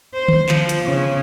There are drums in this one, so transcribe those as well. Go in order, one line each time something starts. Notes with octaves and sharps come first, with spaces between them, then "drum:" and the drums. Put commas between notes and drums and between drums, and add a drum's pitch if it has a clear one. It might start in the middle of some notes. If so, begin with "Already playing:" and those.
C5
drum: tom D3
F3, drum: clap
drum: hi-hat
C#3